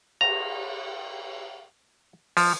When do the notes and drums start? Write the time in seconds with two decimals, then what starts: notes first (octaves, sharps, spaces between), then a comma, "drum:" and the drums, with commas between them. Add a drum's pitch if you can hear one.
0.21 A#5, drum: cymbal
2.37 F3, drum: open hi-hat